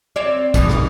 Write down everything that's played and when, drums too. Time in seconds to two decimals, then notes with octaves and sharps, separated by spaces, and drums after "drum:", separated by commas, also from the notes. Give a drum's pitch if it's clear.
0.16 C4 C#5 D5
0.54 F2 B2 D#4, drum: kick, tambourine
0.69 drum: rim click